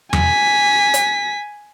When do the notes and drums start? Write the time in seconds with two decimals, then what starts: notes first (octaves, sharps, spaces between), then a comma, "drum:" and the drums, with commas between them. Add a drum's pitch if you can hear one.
0.13 G#5 B6, drum: tom E2
0.94 drum: hi-hat